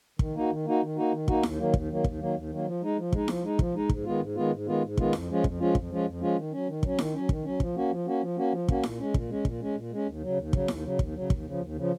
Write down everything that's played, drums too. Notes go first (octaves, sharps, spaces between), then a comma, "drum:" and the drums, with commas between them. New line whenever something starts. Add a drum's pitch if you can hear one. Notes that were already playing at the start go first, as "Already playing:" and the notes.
D#3, drum: kick
A#3 D#4 F#4
D#3
A#3 D#4 F#4
D#3
A#3 D#4 F#4
D#3
A#3 D#4 F#4, drum: kick
D#2, drum: snare E4
D#3 F#3 A#3
D#2, drum: kick
D#3 F#3 A#3
D#2, drum: kick
D#3 F#3 A#3
D#2
D#3 F#3 A#3
F3
G#3 D#4
F3
G#3 D#4, drum: kick
F3, drum: snare E4
G#3 D#4
F3, drum: kick
G#3 D#4
G#2, drum: kick
D#3 G#3 B3 F4
G#2
D#3 G#3 B3 F4
G#2
D#3 G#3 B3 F4
G#2
D#3 G#3 B3 F4, drum: kick
F2, drum: snare E4
F3 G#3 C#4 F4
F2, drum: kick
F3 G#3 C#4 F4
F2, drum: kick
F3 G#3 C#4 F4
F2
F3 G#3 C#4 F4
D#3
F#3 C#4
D#3
F#3 C#4, drum: kick
D#3, drum: snare E4
F#3 C#4
D#3, drum: kick
F#3 C#4
F3, drum: kick
A#3 C#4 F#4
F3
A#3 C#4 F#4
F3
A#3 C#4 F#4
F3
A#3 C#4 F#4, drum: kick
A#2, drum: snare E4
G#3 C#4
A#2, drum: kick
G#3 C#4
A#2, drum: kick
G#3 C#4
A#2
G#3 C#4
D#2
C#3 F#3
D#2
C#3 F#3, drum: kick
D#2, drum: snare E4
C#3 F#3
D#2, drum: kick
C#3 F#3
D#2, drum: kick
C#3 F3
D#2
C#3 F3